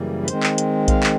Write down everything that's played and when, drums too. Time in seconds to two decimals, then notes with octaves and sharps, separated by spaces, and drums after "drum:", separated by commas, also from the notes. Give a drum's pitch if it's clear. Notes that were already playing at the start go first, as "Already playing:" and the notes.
Already playing: F#2 C#3 E3 G3 A#3
0.23 B4
0.28 D#3 G#3 C4 C5, drum: hi-hat
0.43 drum: clap
0.58 drum: hi-hat
0.88 F5, drum: kick A#1, hi-hat
1.03 drum: clap